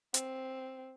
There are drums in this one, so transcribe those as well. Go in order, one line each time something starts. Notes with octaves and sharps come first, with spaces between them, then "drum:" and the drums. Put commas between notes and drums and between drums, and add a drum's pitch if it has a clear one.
C4, drum: hi-hat